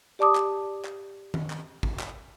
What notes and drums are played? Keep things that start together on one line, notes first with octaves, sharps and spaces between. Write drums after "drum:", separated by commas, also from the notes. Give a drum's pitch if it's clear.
G4 D5 A5 D6 D#6
drum: clap
drum: clap
drum: tom D#3
drum: clap
drum: kick
drum: clap